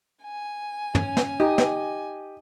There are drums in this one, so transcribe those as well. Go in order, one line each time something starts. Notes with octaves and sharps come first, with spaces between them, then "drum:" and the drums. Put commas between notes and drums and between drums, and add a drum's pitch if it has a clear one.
G#5
C#4, drum: tom
drum: snare
D#4 G4 D#5
drum: snare